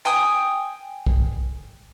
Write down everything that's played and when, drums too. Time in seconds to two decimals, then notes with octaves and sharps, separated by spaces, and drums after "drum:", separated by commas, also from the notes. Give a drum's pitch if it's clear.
0.05 G5 G#5 D#6, drum: hi-hat
1.07 drum: kick B1